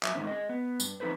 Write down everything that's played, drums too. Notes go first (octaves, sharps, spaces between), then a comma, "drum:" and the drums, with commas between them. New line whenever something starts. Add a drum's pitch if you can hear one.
F#3 E5, drum: clap
G#2 D#3 C4 C#4
G#4 D#5
B3
G2, drum: tambourine
F3 C4 D#4 A4 B4 C5